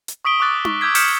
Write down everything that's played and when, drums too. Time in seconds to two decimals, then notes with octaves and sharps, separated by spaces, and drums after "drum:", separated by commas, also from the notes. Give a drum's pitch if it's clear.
0.08 drum: hi-hat
0.25 C#6 D#6 B6 D7 G7
0.40 C#6 D6 E6 F#6 A6 D7
0.65 C#6, drum: tom D#4
0.81 D6 E6 G6 G#6 B6
0.95 D#6 F6 G6 B6 C#7 E7, drum: open hi-hat